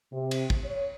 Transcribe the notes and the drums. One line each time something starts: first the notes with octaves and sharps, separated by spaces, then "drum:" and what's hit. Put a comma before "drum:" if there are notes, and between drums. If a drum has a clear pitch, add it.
C3
drum: cymbal
drum: kick
C#5